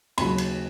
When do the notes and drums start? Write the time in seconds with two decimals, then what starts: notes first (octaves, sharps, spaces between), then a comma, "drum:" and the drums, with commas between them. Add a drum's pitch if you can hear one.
0.18 D#2 C#3 F#3 B5, drum: cymbal
0.38 drum: cymbal